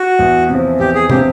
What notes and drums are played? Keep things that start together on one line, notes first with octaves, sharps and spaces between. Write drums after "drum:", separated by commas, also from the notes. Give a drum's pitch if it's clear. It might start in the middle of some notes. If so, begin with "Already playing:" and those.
Already playing: F#4
E2
C3 F3
E2 G4
G#4
C3 F3 G4, drum: tom